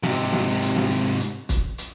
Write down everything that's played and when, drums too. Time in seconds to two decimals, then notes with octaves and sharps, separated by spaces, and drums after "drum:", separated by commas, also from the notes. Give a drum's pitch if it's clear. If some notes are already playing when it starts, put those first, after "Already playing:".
0.03 G#2 C3, drum: snare
0.32 drum: snare
0.62 drum: hi-hat
0.76 drum: snare
0.91 drum: hi-hat
1.20 drum: hi-hat
1.49 drum: kick, hi-hat
1.78 drum: hi-hat